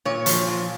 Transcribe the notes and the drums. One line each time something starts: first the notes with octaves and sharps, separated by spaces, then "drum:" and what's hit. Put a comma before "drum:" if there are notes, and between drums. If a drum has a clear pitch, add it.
A#2 C#5
F3, drum: hi-hat
A#2